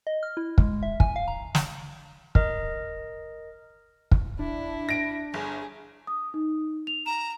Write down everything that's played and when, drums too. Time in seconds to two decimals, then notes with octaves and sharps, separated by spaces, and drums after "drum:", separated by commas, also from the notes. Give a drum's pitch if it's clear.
0.07 D#5
0.23 F6
0.37 E4
0.58 G#3, drum: kick
0.83 E5
1.00 G#5, drum: kick
1.16 F5
1.28 A#5
1.55 drum: snare
2.35 A#4 D#5, drum: kick
4.11 drum: kick
4.39 D4 E4
4.89 A#6 D7
5.34 G1 G#4
6.07 D#6
6.34 D#4
6.87 F7
7.06 A#5 E7